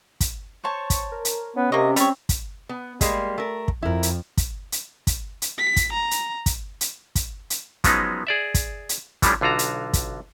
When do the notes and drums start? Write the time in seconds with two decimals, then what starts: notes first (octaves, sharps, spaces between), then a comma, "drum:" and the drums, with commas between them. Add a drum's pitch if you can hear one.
0.21 drum: kick, hi-hat
0.64 C5 C#5 A5 C#6
0.90 drum: kick, hi-hat
1.12 A#4
1.25 drum: hi-hat
1.56 B3 C#4
1.72 C3 A#3 D#5 C#6
1.96 G3 C4 C#5 B5, drum: hi-hat
2.29 drum: kick, hi-hat
2.69 B3
3.01 G3 G#3 A#3, drum: kick, hi-hat
3.38 A3 A#4
3.68 drum: kick
3.83 F2 E4 A#4
4.03 drum: hi-hat
4.37 drum: kick, hi-hat
4.72 drum: hi-hat
5.07 drum: kick, hi-hat
5.42 drum: hi-hat
5.58 B6
5.76 drum: kick, hi-hat
5.92 A#5
6.11 drum: hi-hat
6.46 drum: kick, hi-hat
6.81 drum: hi-hat
7.15 drum: kick, hi-hat
7.50 drum: hi-hat
7.84 F3 F#3 G#3 B3 C#4 D#4, drum: kick, hi-hat
8.27 G#4 D5 E5
8.54 drum: kick, hi-hat
8.89 drum: hi-hat
9.22 E3 F3 G3 A3 C#4 D4, drum: kick, hi-hat
9.41 B1 D3 F4 F#4 A#5
9.59 drum: hi-hat
9.93 drum: kick, hi-hat